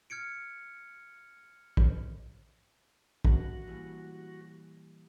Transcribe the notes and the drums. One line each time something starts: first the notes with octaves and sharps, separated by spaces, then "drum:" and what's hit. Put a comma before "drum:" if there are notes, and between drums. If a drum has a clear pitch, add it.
F6 G#6 C#7 D7
drum: kick
F#4, drum: kick
A#2 E3 G3